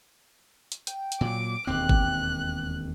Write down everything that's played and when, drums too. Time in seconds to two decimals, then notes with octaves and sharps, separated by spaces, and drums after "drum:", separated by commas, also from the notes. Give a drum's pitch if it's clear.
0.72 drum: hi-hat
0.87 G5, drum: hi-hat
1.12 drum: hi-hat
1.21 A#2 F#3 D6
1.67 E1 D#2 C4 G4 F#6
1.89 drum: kick